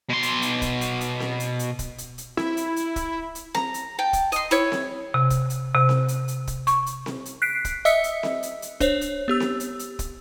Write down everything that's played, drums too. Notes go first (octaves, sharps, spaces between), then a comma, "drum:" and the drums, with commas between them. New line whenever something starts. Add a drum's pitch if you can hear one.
B2 C6
drum: hi-hat
drum: hi-hat
drum: kick, hi-hat
drum: hi-hat
drum: hi-hat
drum: snare C4
drum: hi-hat
drum: hi-hat
drum: kick, hi-hat
drum: hi-hat
drum: hi-hat
E4, drum: snare C4
drum: hi-hat
drum: hi-hat
drum: kick, hi-hat
drum: hi-hat
A#5, drum: snare C4
drum: hi-hat
G5 A5
drum: kick, hi-hat
D#5 C6, drum: hi-hat
E4 C#5, drum: hi-hat
drum: snare C4
C3
drum: kick, hi-hat
drum: hi-hat
C3
drum: snare C4
drum: hi-hat
drum: hi-hat
drum: kick, hi-hat
C#6, drum: hi-hat
drum: hi-hat
drum: snare C4
drum: hi-hat
F#6 B6 C7 D7
drum: kick, hi-hat
D#5 E5 D#6 E6 B6 C#7, drum: hi-hat
drum: hi-hat
drum: snare C4
drum: hi-hat
drum: hi-hat
D4 C5 C#5, drum: kick, hi-hat
drum: hi-hat
B3 G4 E6
drum: snare C4
drum: hi-hat
drum: hi-hat
drum: kick, hi-hat